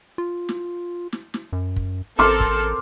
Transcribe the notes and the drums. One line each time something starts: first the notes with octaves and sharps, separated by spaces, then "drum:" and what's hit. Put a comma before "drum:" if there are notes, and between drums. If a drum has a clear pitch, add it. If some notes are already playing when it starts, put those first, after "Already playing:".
F4
drum: snare
drum: snare
drum: snare
F#2
drum: kick
A1 C4 A4 A#4 C6 D6 F6, drum: snare
drum: kick